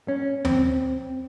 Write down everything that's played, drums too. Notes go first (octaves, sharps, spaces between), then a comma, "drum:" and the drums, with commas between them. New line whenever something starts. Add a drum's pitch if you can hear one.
C#4
C4, drum: tom D#2